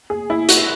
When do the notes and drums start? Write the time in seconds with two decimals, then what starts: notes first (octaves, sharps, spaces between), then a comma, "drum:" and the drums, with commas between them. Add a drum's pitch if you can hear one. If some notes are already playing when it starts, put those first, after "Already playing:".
0.10 G#4
0.30 E4
0.49 F#4, drum: hi-hat